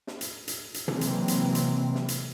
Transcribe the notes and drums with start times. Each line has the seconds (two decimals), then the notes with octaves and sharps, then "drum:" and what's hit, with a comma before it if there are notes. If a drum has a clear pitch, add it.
0.07 drum: snare
0.21 drum: hi-hat
0.48 drum: hi-hat
0.74 drum: hi-hat
0.88 C3 E3 F#3 G#3 A#3 C4, drum: tom
1.01 drum: hi-hat
1.28 drum: hi-hat
1.55 drum: hi-hat
1.95 drum: snare
2.08 drum: hi-hat